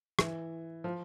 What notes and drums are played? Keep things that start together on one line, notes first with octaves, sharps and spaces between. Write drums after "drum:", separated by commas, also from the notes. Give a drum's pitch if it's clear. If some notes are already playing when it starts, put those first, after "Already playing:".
E3, drum: rim click
F3